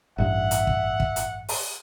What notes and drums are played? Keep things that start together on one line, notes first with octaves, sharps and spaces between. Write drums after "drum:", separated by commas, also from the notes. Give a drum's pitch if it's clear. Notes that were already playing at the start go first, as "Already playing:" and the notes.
A1 G2 E5 F#5
drum: hi-hat
drum: kick
drum: kick
drum: hi-hat
drum: open hi-hat